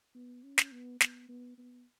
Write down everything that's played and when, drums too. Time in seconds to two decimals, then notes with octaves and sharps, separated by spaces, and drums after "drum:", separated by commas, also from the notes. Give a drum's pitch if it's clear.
0.15 B3
0.44 C#4
0.58 drum: snare
0.72 B3
1.00 B3, drum: snare
1.29 B3
1.58 B3